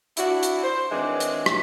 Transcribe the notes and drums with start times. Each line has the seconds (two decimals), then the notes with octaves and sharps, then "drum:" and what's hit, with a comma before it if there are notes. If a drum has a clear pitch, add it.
0.17 D4 E4 F#4, drum: hi-hat
0.43 drum: hi-hat
0.63 C5
0.90 D#3 E3 F#3 G#3 C4 D4
1.20 drum: hi-hat
1.46 drum: rim click